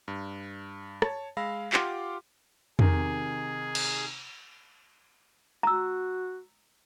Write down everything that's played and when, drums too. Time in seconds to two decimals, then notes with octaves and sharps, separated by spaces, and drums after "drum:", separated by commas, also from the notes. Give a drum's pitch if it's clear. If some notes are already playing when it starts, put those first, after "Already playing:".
0.08 G2
1.02 C#5 A5, drum: rim click
1.37 G#3 F5 B5 E6 A#6
1.73 F4 G4 F#5 C6 D6 F6, drum: clap
2.79 C3 D#3 G#4, drum: tom
3.75 drum: cymbal
5.63 F#4 A#5 E6